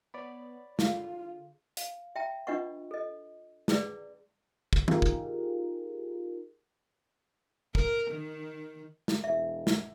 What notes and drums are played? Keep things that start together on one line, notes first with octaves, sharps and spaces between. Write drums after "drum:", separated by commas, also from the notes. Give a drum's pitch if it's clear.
B3 C#5 D5 B5
D3 F4 G#4 F5, drum: snare
F5, drum: hi-hat
E5 G5 A5 A#5
D4 F4 B4 D#5 F#5 C#6
A4 D#5
C#4 G#4 B4 D5, drum: snare
drum: kick
D#4 F4 G4 G#4 A#4, drum: tom D#3
drum: kick
A#4, drum: kick
D#3
drum: snare
E1 E5
drum: snare